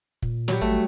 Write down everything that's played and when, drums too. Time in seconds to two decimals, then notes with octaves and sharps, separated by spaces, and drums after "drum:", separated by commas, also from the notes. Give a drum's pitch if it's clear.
0.22 A#2, drum: kick
0.48 F#3 G3, drum: snare
0.61 G#1 A3